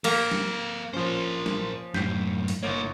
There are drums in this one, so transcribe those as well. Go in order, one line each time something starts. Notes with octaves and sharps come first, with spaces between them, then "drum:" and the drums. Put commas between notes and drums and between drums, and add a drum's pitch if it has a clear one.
A#3 A4 F5 A#5, drum: cymbal
drum: snare
F3 C#4 A#4 C5
drum: snare
F#2 A2 G6 B6 C7, drum: snare
drum: open hi-hat
G1 A#3 E4 C#5